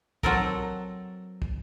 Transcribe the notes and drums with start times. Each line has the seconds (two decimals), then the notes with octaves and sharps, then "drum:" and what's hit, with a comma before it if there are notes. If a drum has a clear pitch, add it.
0.23 F#3 C4 A4 A#4, drum: kick
1.42 drum: kick